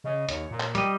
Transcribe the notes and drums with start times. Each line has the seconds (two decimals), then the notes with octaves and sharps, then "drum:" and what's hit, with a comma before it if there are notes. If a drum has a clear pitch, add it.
0.04 C#3 D#5
0.29 D#2 C#5, drum: hi-hat
0.51 A#2
0.60 drum: clap
0.75 G3 D#5 G5, drum: hi-hat